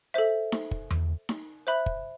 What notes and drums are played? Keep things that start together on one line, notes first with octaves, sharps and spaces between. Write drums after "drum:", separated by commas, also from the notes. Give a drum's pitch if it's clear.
A4 C5 E5
drum: snare D#4
drum: kick
drum: tom E2
drum: snare D#4
C5 E5 B5 F#6
drum: kick